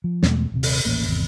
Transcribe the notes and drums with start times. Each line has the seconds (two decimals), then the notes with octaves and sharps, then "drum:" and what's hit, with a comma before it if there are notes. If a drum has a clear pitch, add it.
0.04 F3
0.23 E2 B2 G#3 A3, drum: snare
0.52 D#1 C3
0.63 drum: open hi-hat
0.85 D#1 A1 A#3 C#4
1.07 G#1 E2 C3